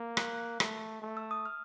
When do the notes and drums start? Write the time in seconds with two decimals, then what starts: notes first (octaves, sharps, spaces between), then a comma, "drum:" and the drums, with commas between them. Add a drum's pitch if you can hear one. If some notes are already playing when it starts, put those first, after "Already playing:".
Already playing: A#3
0.17 F#6, drum: rim click
0.60 A3, drum: rim click
1.02 A3
1.17 E6
1.31 D#6
1.46 F6